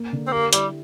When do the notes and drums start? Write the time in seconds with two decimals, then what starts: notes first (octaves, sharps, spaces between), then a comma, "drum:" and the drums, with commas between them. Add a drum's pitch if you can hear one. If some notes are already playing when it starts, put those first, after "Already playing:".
Already playing: A#3
0.13 D3
0.27 C4
0.33 A#3 G4
0.53 G3 E4, drum: hi-hat